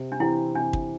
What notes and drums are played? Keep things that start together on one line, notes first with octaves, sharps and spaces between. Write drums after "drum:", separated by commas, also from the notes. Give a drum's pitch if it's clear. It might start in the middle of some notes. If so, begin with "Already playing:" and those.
Already playing: C3
D4
E3 C4 E4 G4
C3 D4
drum: kick